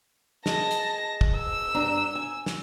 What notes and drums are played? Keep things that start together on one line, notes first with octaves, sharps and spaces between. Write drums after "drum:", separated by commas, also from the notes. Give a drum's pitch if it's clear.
G#4 D#5 A5 A#6, drum: snare
drum: hi-hat
drum: kick
E6
G2 D4 A#5
G#5
drum: snare